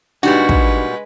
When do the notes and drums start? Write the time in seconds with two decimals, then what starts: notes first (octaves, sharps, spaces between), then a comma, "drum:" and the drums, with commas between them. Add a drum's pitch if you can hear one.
0.23 A#2 G3 G#3 D4 D#4 F#4 G4 B4
0.49 drum: kick